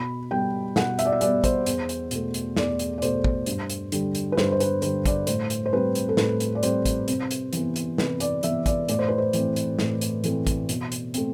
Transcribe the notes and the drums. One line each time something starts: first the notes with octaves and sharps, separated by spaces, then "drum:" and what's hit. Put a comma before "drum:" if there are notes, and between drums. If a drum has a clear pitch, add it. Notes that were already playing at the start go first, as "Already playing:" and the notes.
Already playing: B2 B5
G3 B3 G5
B2 F#5, drum: snare
E5, drum: hi-hat
D5
E5
G3 B3 D5, drum: hi-hat
C5, drum: kick, hi-hat
E2, drum: hi-hat
drum: hi-hat
B2 A3, drum: hi-hat
drum: hi-hat
E2 D5, drum: snare
drum: hi-hat
D5
B2 A3 C5, drum: hi-hat
drum: kick
G2, drum: hi-hat
drum: hi-hat
D3 G3, drum: hi-hat
drum: hi-hat
B4
G2 C5, drum: snare
C5
B4, drum: hi-hat
D3 G3 C5, drum: hi-hat
D5, drum: kick, hi-hat
A2 C5, drum: hi-hat
drum: hi-hat
C5
G3 C4 B4
drum: hi-hat
A4
A2 B4, drum: snare
drum: hi-hat
D5
G3 C4 C5, drum: hi-hat
drum: kick, hi-hat
C3, drum: hi-hat
drum: hi-hat
E3 B3, drum: hi-hat
drum: hi-hat
C3 B4, drum: snare
D5, drum: hi-hat
E3 B3 E5, drum: hi-hat
D5, drum: kick, hi-hat
A2 D5, drum: hi-hat
C5
B4
C5
E3 A3 C4, drum: hi-hat
drum: hi-hat
A2, drum: snare
drum: hi-hat
E3 A3 C4, drum: hi-hat
drum: kick, hi-hat
B2, drum: hi-hat
drum: hi-hat
A3 C4, drum: hi-hat